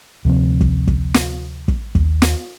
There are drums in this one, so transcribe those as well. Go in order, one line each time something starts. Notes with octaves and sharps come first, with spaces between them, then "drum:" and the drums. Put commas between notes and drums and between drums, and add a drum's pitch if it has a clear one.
D2 C3 F3 C4
drum: kick
drum: kick
drum: snare
drum: kick
D#2, drum: kick
drum: snare